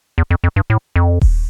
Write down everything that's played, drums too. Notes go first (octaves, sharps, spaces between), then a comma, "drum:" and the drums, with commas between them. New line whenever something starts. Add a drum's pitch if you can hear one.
E2
F2
F2
G2
A2
F2
drum: kick D#1